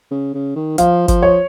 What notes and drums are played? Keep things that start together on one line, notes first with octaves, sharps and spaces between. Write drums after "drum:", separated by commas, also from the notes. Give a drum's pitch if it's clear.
C#3
C#3
D#3
F3 F5, drum: hi-hat
F3, drum: kick G#1, hi-hat
C#5